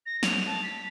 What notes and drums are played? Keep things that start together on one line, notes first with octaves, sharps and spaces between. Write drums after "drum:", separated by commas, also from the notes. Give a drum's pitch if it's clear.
A#6
F7, drum: snare
A5
B6